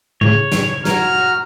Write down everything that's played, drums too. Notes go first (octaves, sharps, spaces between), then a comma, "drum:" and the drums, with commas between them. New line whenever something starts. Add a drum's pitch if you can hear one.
A2 C#3 C#5
drum: snare
F#4 A#5 F6, drum: snare